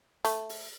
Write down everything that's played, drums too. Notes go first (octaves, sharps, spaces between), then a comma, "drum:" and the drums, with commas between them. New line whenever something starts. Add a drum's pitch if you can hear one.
A3, drum: hi-hat
drum: open hi-hat